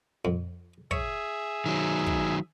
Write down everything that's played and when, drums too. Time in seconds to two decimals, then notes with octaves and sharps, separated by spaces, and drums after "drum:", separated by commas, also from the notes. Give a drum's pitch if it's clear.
0.25 F2
0.91 G#4 C#5 E5, drum: kick
1.66 D#3 F#3
2.06 drum: kick